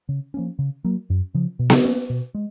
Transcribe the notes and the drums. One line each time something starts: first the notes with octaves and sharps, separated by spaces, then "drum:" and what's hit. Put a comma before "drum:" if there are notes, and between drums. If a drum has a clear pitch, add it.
C#3
F3 A#3 C#4
C#3
F#3 A#3
F#2
C#3 F3
B2
drum: snare B3
A#3 C#4
B2
G#3